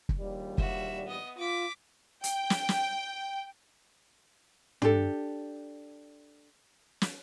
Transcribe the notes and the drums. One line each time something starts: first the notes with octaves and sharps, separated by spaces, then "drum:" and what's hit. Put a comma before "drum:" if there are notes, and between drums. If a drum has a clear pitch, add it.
drum: kick
A#1 D#2 G3
F#4 E5, drum: kick
B3 D#5
F4 D6 B6
G5, drum: hi-hat
drum: snare
drum: snare
D4 G4 A4, drum: tom
drum: snare